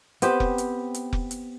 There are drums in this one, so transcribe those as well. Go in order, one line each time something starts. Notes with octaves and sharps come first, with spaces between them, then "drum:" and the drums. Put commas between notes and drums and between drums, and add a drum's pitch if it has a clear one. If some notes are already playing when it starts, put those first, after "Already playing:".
B3 C4 G4, drum: hi-hat
drum: kick F1
drum: hi-hat
drum: hi-hat
drum: kick F1
drum: hi-hat